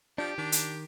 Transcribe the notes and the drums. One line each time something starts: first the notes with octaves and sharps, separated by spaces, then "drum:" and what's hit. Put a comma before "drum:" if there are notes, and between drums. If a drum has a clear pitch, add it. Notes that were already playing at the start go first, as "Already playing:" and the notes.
F3 D4 G4
D#3 D4
drum: hi-hat